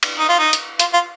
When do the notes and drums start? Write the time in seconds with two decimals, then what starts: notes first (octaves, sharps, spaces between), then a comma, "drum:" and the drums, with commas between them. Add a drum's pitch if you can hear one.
0.03 drum: cymbal
0.19 D#4
0.29 F4
0.39 D#4
0.53 drum: hi-hat
0.79 F4, drum: hi-hat
0.93 F4